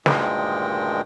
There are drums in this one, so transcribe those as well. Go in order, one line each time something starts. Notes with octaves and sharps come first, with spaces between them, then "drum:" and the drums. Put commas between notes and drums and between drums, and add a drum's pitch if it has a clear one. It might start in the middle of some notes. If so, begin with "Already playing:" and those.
D2 G2 A#2 D#3 G#3 G5, drum: snare